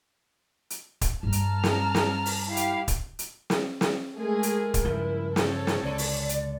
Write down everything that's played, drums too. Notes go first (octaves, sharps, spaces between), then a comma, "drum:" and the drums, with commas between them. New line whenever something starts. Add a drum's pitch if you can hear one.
drum: hi-hat
drum: kick, hi-hat
G2 G3 A5 A#5 F6
drum: hi-hat
drum: snare
drum: snare
drum: open hi-hat
E4 G4 F5
drum: hi-hat
drum: kick, hi-hat
drum: hi-hat
drum: snare
drum: snare
G#3 A3 G#4 A#4
drum: hi-hat
drum: kick, hi-hat
G2 C#3 F3 E4
A4 C5 C#5, drum: snare
drum: snare
C#2 D3 D5
drum: open hi-hat
drum: hi-hat